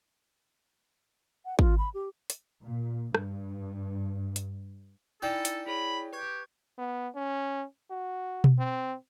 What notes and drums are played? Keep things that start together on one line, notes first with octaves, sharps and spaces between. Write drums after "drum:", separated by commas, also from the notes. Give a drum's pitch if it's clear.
F#5
F4, drum: kick
B5
G4
drum: hi-hat
A#2
G2, drum: rim click
drum: hi-hat
D#4 E4 A4 D5 G5 G#5
drum: hi-hat
E4 G#4 C#5 B5
G4 B4 C#6 G#6
B3
C#4
F#4
drum: tom B2
C4